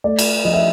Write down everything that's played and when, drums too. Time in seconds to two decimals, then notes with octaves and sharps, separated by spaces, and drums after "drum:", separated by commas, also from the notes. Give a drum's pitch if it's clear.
0.04 A3 D5
0.19 drum: cymbal
0.45 F3 D#5
0.54 E5